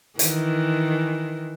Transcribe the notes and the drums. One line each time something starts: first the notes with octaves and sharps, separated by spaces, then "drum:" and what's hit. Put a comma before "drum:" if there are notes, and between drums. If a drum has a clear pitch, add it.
D#3 E3, drum: hi-hat